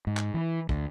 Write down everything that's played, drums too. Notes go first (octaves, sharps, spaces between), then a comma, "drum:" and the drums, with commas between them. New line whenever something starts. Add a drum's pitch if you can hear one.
G#2
drum: clap
E3
D2, drum: kick